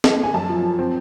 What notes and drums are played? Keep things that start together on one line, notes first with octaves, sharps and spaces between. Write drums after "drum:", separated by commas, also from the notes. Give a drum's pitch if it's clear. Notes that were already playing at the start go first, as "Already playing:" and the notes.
drum: snare
G#5
F#2 A5
F3
F3
C4